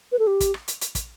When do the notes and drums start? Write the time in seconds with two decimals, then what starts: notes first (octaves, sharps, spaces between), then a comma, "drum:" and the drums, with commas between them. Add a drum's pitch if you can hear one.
0.12 B4
0.19 A4
0.27 G4
0.40 drum: kick, hi-hat
0.54 drum: rim click
0.68 drum: hi-hat
0.81 drum: hi-hat
0.95 drum: kick, hi-hat